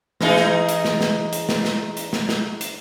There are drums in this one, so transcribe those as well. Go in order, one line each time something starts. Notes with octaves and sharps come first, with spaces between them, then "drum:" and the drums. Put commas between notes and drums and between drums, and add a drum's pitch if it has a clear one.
E3 D#4 G#4, drum: snare
drum: snare
drum: hi-hat
drum: snare
drum: snare
drum: hi-hat
drum: snare
drum: snare
drum: hi-hat
drum: snare
drum: snare
drum: hi-hat